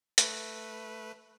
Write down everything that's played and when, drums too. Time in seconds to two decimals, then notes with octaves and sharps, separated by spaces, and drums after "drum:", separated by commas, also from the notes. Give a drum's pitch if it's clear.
0.18 A3 B4, drum: hi-hat